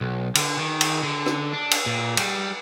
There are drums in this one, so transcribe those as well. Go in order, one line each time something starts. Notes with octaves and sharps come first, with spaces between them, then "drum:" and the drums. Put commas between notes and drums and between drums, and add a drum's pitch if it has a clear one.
B1
D3, drum: cymbal
D#3
drum: cymbal
D3
drum: rim click
D4
drum: cymbal
A#2
G3, drum: cymbal